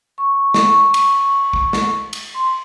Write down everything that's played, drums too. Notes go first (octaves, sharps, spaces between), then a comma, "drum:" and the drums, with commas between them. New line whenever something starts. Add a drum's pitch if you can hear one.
C#6
C#6, drum: snare
drum: cymbal
drum: kick B1
drum: snare
drum: cymbal
C6